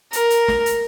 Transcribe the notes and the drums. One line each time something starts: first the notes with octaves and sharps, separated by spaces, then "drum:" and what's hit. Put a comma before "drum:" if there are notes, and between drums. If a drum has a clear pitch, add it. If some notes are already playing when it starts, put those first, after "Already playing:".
A#4, drum: hi-hat
drum: hi-hat
drum: snare
drum: hi-hat